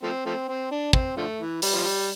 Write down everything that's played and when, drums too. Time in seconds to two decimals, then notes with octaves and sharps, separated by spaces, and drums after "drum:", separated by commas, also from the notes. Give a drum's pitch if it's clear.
0.03 F3 A3 C4
0.26 F3 A3 C4
0.48 C4
0.71 D4
0.93 C4, drum: kick
1.17 D3 F3 A3
1.39 E3
1.62 G3, drum: open hi-hat
1.73 F3
1.83 G3